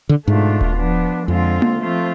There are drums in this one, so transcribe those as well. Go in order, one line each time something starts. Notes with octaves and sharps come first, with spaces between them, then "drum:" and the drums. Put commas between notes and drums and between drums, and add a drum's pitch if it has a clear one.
D3
G#2 B2 A3 D4 F4
drum: kick D#1
F3 B3 D4
F2 D3 G#3 C4 F4
drum: tom A#3
F3 A3 C4 F4